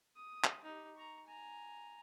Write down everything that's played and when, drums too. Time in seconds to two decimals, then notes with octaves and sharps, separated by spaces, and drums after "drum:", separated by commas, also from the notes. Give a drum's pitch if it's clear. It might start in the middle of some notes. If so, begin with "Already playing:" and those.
0.16 D#6
0.44 drum: clap
0.63 D#4 G4
0.95 A#5 C#6
1.26 G#5 A#5